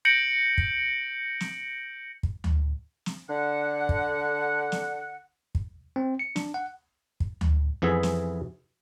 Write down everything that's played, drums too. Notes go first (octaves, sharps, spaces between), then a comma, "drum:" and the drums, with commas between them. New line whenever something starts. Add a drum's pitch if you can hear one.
G6 A#6 C#7 D7 F#7
drum: kick
drum: snare
drum: kick
drum: tom D2
drum: snare
D3 F#5
drum: kick
drum: snare
drum: kick
C4
C#7
D4, drum: snare
F#5
drum: kick
drum: tom D2
F2 E3 B3 G#4 E5
drum: snare